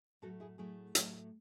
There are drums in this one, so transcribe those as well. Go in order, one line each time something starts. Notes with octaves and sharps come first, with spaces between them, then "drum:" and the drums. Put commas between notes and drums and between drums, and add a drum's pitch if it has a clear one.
A2 F#3 A3 F#4 A4
E4 G#4
A2 F#3 A3 E4 G#4
A2 F#3 A3, drum: hi-hat